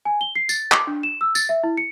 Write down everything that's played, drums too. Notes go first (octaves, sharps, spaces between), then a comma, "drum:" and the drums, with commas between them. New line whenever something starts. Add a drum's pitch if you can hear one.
G#5
G7
C7
A6, drum: tambourine
D6, drum: clap
D4
E7
E6
A6, drum: tambourine
E5
E4
C#7